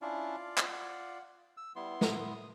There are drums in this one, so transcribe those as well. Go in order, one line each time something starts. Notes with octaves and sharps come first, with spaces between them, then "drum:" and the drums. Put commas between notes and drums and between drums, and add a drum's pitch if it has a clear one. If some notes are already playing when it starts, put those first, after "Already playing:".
C#4 D4 E4 F4 D5 F5
F#5, drum: clap
E6
G3 B3 E4 C6
D#6, drum: snare